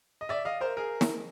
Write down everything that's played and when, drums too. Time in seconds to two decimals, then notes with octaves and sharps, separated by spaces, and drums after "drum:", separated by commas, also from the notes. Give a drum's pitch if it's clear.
0.21 D#5
0.29 D5 E5
0.45 D#5 F5
0.61 A#4 C5
0.77 G#4 A#4
1.01 drum: snare